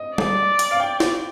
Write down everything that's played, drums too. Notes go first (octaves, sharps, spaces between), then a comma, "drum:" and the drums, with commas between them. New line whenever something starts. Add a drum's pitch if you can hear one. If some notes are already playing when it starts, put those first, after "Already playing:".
Already playing: D#5
D5, drum: tom G3
drum: hi-hat
F5
G5
drum: snare